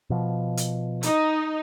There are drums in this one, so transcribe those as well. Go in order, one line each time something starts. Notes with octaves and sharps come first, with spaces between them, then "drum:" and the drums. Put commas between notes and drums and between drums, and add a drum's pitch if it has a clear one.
B2 F3
drum: hi-hat
D#4, drum: hi-hat